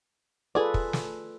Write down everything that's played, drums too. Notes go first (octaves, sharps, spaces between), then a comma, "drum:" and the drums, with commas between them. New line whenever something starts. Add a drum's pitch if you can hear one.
F4 G#4 A4 B4 D5
drum: kick
drum: snare